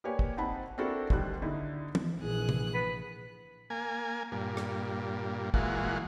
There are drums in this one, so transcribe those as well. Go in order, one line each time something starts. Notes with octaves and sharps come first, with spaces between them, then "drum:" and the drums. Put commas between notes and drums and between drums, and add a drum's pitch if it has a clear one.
A#3 G4 B4 C#5 D5 G#5
drum: kick
C4 D#4 C5 F#5 A5 B5
C4 D4 E4 F#4 A4 A#4
D2 D#3 G3 F#6, drum: kick
D3 D#4 E4
drum: tom
A#1 E3 G#4 F#6
drum: tom C3
B4
A#3 G#5
G2 A#2
drum: rim click
A#2 E3 G#3 F4 F#4, drum: kick